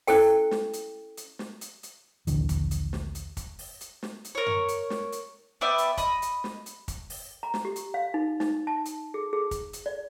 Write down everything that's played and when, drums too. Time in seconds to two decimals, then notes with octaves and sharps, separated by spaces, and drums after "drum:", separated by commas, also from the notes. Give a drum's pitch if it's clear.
0.07 C#4 E4 A4 G5, drum: open hi-hat
0.51 drum: snare
0.73 drum: hi-hat
1.17 drum: hi-hat
1.39 drum: snare
1.61 drum: hi-hat
1.83 drum: hi-hat
2.27 A#1 D#2 D3 E3, drum: hi-hat
2.49 drum: kick, hi-hat
2.71 drum: hi-hat
2.93 drum: snare
3.15 drum: hi-hat
3.37 drum: kick, hi-hat
3.59 drum: open hi-hat
3.81 drum: hi-hat
4.03 drum: snare
4.24 drum: hi-hat
4.35 A#4 C#5
4.46 drum: tom F#2
4.68 drum: hi-hat
4.90 drum: snare
5.12 drum: hi-hat
5.61 B3 D5 E5 G5
5.78 drum: hi-hat
5.98 D#5 B5, drum: kick, hi-hat
6.22 drum: hi-hat
6.44 drum: snare
6.66 drum: hi-hat
6.88 drum: kick, hi-hat
7.10 drum: open hi-hat
7.43 A#5
7.54 drum: snare
7.65 G4
7.76 drum: hi-hat
7.94 F5
8.14 D#4
8.40 D#4, drum: snare
8.67 A5
8.85 drum: hi-hat
9.14 G#4
9.33 G#4
9.51 drum: kick, hi-hat
9.73 drum: hi-hat
9.86 D5